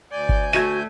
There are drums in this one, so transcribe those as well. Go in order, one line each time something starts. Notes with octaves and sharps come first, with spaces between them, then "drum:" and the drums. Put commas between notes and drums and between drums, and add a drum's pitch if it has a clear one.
D2 D5 G#5 G6
drum: kick G1
A3 F#4 G#6 D#7